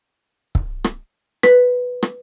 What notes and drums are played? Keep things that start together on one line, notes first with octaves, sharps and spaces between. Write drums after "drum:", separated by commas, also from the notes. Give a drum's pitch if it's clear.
drum: kick C#1
drum: rim click
B4, drum: rim click
drum: rim click